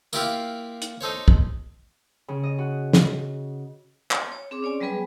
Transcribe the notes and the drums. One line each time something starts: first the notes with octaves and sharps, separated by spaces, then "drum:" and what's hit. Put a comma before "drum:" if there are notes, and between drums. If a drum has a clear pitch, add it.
A#3 E4 F4 G4 E5 F5, drum: tambourine
drum: hi-hat
D#4 A4 C5 C#5
drum: kick
C#3
D#5
F#4
drum: snare
drum: clap
C#5
C4 G#4 D6
C#4 C#5 D5 G#5
F#3 G3 B3 G#4 B4 G#5